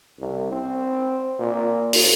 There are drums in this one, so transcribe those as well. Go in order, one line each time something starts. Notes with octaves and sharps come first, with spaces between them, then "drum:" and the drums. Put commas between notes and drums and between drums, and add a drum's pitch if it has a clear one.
C2
C4
A#2
drum: open hi-hat